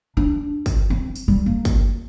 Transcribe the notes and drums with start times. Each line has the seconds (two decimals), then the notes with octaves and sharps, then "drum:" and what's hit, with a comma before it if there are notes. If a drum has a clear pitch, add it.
0.17 D4
0.66 drum: kick, tambourine
0.90 C4
1.16 drum: tambourine
1.28 G3
1.46 A#3
1.65 drum: kick, tambourine